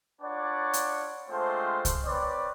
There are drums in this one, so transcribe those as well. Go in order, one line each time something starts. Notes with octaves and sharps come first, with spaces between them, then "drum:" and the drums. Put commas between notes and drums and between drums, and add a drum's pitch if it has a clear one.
D4 F4 B4 C#5 D5 F#5
drum: hi-hat
G#3 A3 C4 D4 F4 C5
drum: kick C2, hi-hat
C4 B4 C#5 D5